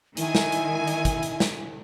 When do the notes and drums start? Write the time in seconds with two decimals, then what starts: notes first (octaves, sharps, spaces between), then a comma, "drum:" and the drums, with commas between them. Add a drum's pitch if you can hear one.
0.17 D#3 E4 G#5, drum: hi-hat
0.35 drum: snare
0.52 drum: hi-hat
0.87 drum: hi-hat
1.05 drum: kick, hi-hat
1.23 drum: hi-hat
1.40 drum: snare